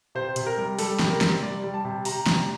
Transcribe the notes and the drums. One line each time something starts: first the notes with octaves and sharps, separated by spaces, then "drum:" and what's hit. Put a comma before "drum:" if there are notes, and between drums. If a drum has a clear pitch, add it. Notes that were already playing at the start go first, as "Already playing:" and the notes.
C3 C5
C3, drum: hi-hat
A#4
G3
G3 A4, drum: open hi-hat
C3, drum: snare
A#4
C3, drum: snare
G3 D5
G3
A5
C3
C3 A#5, drum: open hi-hat
G3, drum: snare